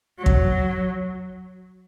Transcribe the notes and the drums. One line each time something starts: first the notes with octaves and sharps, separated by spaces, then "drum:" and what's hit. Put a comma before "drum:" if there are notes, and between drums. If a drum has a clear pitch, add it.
F#3
drum: kick